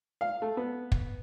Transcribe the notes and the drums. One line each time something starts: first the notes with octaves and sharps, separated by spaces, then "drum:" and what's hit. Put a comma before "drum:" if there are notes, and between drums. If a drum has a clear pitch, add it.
F5
A3
B3
drum: kick